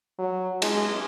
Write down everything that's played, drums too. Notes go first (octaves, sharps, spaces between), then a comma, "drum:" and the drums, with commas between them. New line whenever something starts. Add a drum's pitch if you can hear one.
F#3
G#3, drum: cymbal